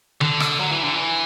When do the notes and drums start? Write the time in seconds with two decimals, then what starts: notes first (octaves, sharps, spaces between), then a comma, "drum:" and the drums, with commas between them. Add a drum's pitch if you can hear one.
0.21 D3, drum: tom D3
0.40 drum: rim click
0.60 F#3
0.72 E3
0.84 D3
0.95 E3